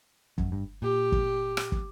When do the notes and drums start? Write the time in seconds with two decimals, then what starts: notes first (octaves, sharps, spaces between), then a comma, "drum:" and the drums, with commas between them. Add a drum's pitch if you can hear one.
0.38 F#2, drum: kick
0.52 G2
0.82 A#2 G4
1.12 drum: kick
1.57 drum: rim click
1.72 drum: kick